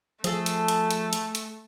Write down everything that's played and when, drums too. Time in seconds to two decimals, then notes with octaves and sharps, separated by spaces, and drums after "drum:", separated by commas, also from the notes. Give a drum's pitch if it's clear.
0.24 F3 A3 G#4 A4, drum: hi-hat
0.46 drum: hi-hat
0.68 drum: hi-hat
0.91 drum: hi-hat
1.13 drum: hi-hat
1.35 drum: hi-hat